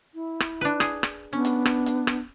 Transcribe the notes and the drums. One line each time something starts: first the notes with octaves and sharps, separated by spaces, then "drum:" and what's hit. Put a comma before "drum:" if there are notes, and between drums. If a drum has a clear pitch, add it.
E4
drum: rim click
D4 B4
G#4, drum: rim click
drum: rim click
B3 C#4 D4
drum: hi-hat
drum: rim click
drum: hi-hat
drum: rim click